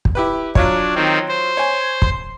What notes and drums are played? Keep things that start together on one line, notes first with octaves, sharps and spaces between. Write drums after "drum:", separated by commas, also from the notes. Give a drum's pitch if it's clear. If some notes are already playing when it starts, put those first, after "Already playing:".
drum: kick
E4 G4 B4
F#3 D4 F4 C#5, drum: kick
D#3 C4
C5
C#5 G#5
C6, drum: kick